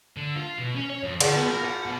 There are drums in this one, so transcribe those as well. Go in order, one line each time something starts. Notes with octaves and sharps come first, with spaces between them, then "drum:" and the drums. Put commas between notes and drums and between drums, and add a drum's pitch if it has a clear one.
D3
F4
B2
C#4
C#5
F2
D3, drum: cymbal
B3
A#4
F#5
B2